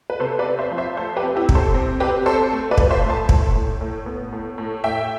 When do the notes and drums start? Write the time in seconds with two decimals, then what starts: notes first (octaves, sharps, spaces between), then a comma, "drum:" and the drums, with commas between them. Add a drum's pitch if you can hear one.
0.10 B4
0.20 C3 A4 C5
0.39 B4 D5
0.46 C4
0.59 C5 E5
0.71 F3
0.78 C5 E5
0.97 A3 A4 C5
1.17 G4 B4
1.23 C4
1.36 E4 G4
1.49 C3, drum: kick
1.55 A4 C5
1.74 C4
2.00 C4 G4 B4
2.26 C4 A4 C5
2.52 A3
2.71 B4 D5
2.78 F3, drum: kick
2.91 C5 E5
3.04 A3
3.10 A5 C6
3.29 A2, drum: kick
3.55 A2
3.81 A2
4.06 B3
4.32 A2
4.58 A2
4.84 A2 E5 G5